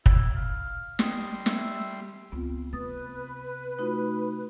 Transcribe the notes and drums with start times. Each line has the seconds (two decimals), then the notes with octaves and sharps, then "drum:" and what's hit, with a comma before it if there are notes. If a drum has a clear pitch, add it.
0.06 E4, drum: kick
0.36 F5
0.99 G3 D#5 C6, drum: snare
1.46 E5, drum: snare
2.32 C#2 B3 C4 F4
2.73 C3 B4 D#6 A6
3.79 A3 D#4 F4 F#4 B5